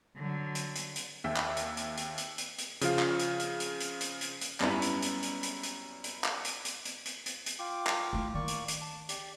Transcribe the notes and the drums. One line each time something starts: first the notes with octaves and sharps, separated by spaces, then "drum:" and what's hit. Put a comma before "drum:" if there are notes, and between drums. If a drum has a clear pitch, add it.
D3 F#3
drum: hi-hat
drum: hi-hat
drum: hi-hat
D#2 E5 G5
drum: clap
drum: hi-hat
drum: hi-hat
drum: hi-hat
drum: hi-hat
drum: hi-hat
drum: hi-hat
C#3 F3 F4 F5, drum: hi-hat
drum: clap
drum: hi-hat
drum: hi-hat
drum: hi-hat
drum: hi-hat
drum: hi-hat
drum: hi-hat
drum: hi-hat
F#2 G3 B3 C#4 E4, drum: clap
drum: hi-hat
drum: hi-hat
drum: hi-hat
drum: hi-hat
drum: hi-hat
drum: hi-hat
drum: clap
drum: hi-hat
drum: hi-hat
drum: hi-hat
drum: hi-hat
drum: hi-hat
drum: hi-hat
F4 G5 D6
drum: clap
A3 E4
D#3 A#3 D5 C#6
drum: hi-hat
drum: hi-hat
A5
G4 D5, drum: hi-hat